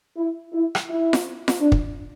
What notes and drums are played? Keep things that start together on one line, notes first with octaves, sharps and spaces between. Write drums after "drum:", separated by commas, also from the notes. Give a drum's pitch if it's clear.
E4
E4
drum: rim click
E4
drum: snare F4
drum: snare F4
D4
drum: kick